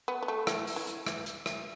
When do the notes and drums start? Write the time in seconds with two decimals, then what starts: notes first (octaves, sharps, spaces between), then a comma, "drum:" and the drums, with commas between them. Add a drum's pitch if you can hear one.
0.08 B3
0.23 B3
0.28 A3
0.47 E3, drum: rim click
0.67 drum: open hi-hat
0.76 E3
0.87 drum: hi-hat
1.07 drum: rim click
1.26 drum: hi-hat
1.46 drum: rim click